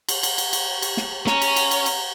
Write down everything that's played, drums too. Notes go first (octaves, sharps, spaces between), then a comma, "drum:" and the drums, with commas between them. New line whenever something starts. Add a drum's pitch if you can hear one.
drum: cymbal
drum: cymbal
drum: cymbal
drum: cymbal
drum: cymbal
drum: snare
C#4 A#5, drum: snare
drum: cymbal
drum: cymbal
drum: cymbal
drum: cymbal